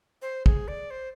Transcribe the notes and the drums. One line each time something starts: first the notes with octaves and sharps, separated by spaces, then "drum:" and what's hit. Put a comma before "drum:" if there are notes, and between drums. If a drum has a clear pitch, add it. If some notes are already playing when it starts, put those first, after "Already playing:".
C5
G#4, drum: kick
D5
C5